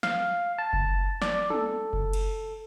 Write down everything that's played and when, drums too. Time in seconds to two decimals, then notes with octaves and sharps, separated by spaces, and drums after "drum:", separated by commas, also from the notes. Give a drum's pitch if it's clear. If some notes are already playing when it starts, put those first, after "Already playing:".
0.03 F5, drum: snare
0.58 A5
0.73 drum: kick F#1
1.22 D5, drum: snare
1.50 A4, drum: tom
1.93 drum: kick F#1
2.13 drum: cymbal